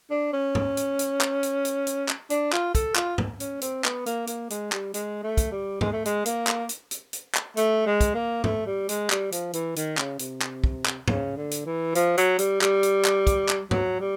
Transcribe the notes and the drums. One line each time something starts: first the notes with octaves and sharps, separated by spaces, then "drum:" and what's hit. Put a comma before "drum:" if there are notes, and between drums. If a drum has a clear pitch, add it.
D4
C#4
drum: tom
drum: hi-hat
drum: hi-hat
drum: clap
drum: hi-hat
drum: hi-hat
drum: hi-hat
drum: clap
D4, drum: hi-hat
F4, drum: clap
A4, drum: kick, hi-hat
F4, drum: clap
drum: tom
C#4, drum: hi-hat
C4, drum: hi-hat
B3, drum: clap
A#3, drum: hi-hat
A#3, drum: hi-hat
G#3, drum: hi-hat
G3, drum: clap
G#3, drum: hi-hat
A3
drum: kick, hi-hat
G3
G#3, drum: tom
A3
G#3, drum: hi-hat
A#3, drum: hi-hat
drum: clap
drum: hi-hat
drum: hi-hat
drum: hi-hat
drum: clap
A3, drum: hi-hat
G#3
drum: kick, hi-hat
A#3
A3, drum: tom
G3
G#3, drum: hi-hat
G3, drum: clap
F3, drum: hi-hat
E3, drum: hi-hat
D#3, drum: hi-hat
C#3, drum: clap
C3, drum: hi-hat
drum: clap
drum: kick
drum: clap
C#3, drum: tom
D3
drum: hi-hat
E3
F3, drum: hi-hat
F#3, drum: hi-hat
G3, drum: hi-hat
G3, drum: clap
drum: hi-hat
drum: clap
drum: kick, hi-hat
drum: clap
F#3, drum: tom
G3